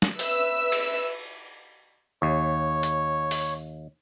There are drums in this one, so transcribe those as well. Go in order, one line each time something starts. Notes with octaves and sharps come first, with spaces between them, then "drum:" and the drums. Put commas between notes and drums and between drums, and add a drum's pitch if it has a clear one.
drum: snare
B4 E5 E6, drum: open hi-hat
drum: cymbal
D#2 C#5
drum: hi-hat
drum: open hi-hat